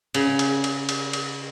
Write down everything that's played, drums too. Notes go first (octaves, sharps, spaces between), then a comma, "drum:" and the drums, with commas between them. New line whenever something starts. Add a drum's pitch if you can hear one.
C#3, drum: cymbal
drum: cymbal
drum: cymbal
drum: cymbal
drum: cymbal